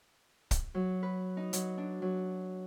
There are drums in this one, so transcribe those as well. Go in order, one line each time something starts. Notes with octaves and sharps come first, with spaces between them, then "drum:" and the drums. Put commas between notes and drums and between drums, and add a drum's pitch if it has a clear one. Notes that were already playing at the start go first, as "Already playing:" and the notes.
drum: kick, hi-hat
F#3
B4
D#4
F#3, drum: hi-hat
D4
F#3